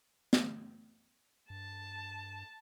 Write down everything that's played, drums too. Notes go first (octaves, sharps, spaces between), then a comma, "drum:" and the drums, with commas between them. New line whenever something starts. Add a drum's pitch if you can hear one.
drum: snare
G2 A5